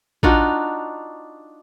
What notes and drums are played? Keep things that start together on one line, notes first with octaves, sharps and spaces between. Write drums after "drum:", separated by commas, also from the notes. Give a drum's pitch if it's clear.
D4 D#4 F4 F#4, drum: kick